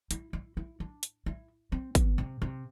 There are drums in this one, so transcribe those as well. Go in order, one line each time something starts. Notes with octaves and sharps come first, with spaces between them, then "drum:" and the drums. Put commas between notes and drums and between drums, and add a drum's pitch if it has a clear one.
E4, drum: hi-hat
E4
E4
D4
drum: hi-hat
E4
C4
B3, drum: kick G#1, hi-hat
C3
C3